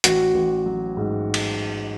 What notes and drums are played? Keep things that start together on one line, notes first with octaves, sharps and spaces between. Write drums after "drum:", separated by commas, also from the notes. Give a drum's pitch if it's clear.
A1 F#4, drum: hi-hat
A1
F#3
G#2
drum: cymbal